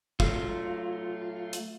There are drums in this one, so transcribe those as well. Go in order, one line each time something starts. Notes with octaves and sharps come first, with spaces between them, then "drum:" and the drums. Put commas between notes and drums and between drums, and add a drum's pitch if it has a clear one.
F#3 A3 F4, drum: kick
drum: hi-hat